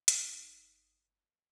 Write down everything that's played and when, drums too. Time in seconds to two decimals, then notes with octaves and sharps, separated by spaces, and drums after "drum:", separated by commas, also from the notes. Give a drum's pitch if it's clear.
0.08 G1 D#4 D#6 B6, drum: hi-hat